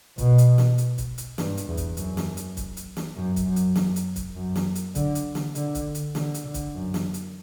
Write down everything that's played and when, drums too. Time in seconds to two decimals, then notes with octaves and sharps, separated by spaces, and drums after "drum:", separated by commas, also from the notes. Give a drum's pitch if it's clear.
0.18 B2, drum: kick C#1, hi-hat
0.38 drum: hi-hat
0.58 drum: snare
0.78 drum: hi-hat
0.98 drum: kick C#1, hi-hat
1.18 drum: hi-hat
1.38 G2, drum: snare
1.57 drum: hi-hat
1.67 E2
1.77 drum: kick C#1, hi-hat
1.97 F#2, drum: hi-hat
2.17 drum: snare
2.37 drum: hi-hat
2.57 drum: kick C#1, hi-hat
2.77 drum: hi-hat
2.97 drum: snare
3.17 F#2
3.36 drum: kick C#1, hi-hat
3.46 F#2
3.56 drum: hi-hat
3.75 F#2, drum: snare
3.96 drum: hi-hat
4.16 drum: kick C#1, hi-hat
4.36 F#2
4.56 drum: snare
4.75 drum: hi-hat
4.95 D3, drum: kick C#1, hi-hat
5.15 drum: hi-hat
5.35 drum: snare
5.55 D3, drum: hi-hat
5.75 drum: kick C#1, hi-hat
5.95 drum: hi-hat
6.15 D3, drum: snare
6.34 drum: hi-hat
6.44 D3
6.54 drum: kick C#1, hi-hat
6.75 F#2
6.94 drum: snare
7.14 drum: hi-hat